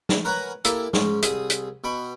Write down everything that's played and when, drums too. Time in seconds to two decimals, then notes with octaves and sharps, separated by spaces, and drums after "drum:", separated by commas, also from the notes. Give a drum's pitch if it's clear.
0.09 drum: snare
0.25 A#4 B4 C#5 F#5 G#5 A#5
0.65 A#3 E4 G4 A4, drum: hi-hat
0.93 G#2 C#4, drum: snare
1.23 C2 G#4 D#6, drum: hi-hat
1.50 drum: hi-hat
1.84 B2 G5 B5 C#6